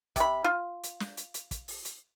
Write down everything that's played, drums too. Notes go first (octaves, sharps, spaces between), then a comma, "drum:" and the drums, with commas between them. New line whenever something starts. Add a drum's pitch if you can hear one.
C3 B5, drum: kick, hi-hat
F4
drum: hi-hat
drum: snare
drum: hi-hat
drum: hi-hat
drum: kick, hi-hat
drum: open hi-hat
drum: hi-hat